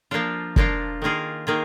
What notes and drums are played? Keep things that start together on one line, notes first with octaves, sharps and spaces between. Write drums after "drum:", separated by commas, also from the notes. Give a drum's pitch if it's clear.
F3 A#3 D4 F4
F3 A#3 D4 F4, drum: kick
D#3 A#3 F4 G#4
D#3 A#3 F4 G#4